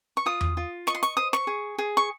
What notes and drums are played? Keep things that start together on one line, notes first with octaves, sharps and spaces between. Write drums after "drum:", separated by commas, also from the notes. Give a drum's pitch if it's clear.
C#6
F4 D#6
drum: tom E2
F4
D#5 C#6, drum: snare
C6
C#6, drum: hi-hat
C5 D#6
C#6, drum: snare
G#4
G#4
C#6